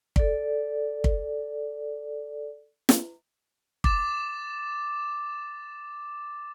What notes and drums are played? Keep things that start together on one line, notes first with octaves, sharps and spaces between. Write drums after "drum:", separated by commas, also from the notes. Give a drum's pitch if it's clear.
A4 D5, drum: kick
drum: kick
drum: snare
D6 A6 E7, drum: kick